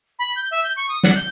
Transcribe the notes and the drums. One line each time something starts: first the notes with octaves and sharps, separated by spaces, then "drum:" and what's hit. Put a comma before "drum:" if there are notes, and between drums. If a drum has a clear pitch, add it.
B5
G6
E5
G6
C#6
D#6
F#5, drum: snare
G6